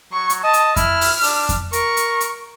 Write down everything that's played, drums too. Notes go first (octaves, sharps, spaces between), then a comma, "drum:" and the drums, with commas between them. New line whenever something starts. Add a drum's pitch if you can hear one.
F#3 C#6
drum: hi-hat
D#5 A5
drum: hi-hat
E4 F6, drum: kick F2, hi-hat
drum: open hi-hat
D4, drum: open hi-hat
drum: kick F2, hi-hat
A#4 C#6, drum: hi-hat
drum: hi-hat
drum: hi-hat